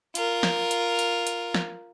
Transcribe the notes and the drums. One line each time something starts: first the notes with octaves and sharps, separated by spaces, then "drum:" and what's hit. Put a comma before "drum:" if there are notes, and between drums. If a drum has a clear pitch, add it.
F4 A#4, drum: hi-hat
drum: snare
drum: hi-hat
drum: hi-hat
drum: hi-hat
drum: snare